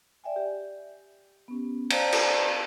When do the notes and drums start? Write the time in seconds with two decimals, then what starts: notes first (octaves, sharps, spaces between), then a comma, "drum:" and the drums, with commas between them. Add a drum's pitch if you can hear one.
0.24 D5 E5 G5 G#5
0.36 G4
1.48 B3 C#4
1.90 C5 D5 F5 G5 A5 A#5, drum: cymbal
2.12 drum: cymbal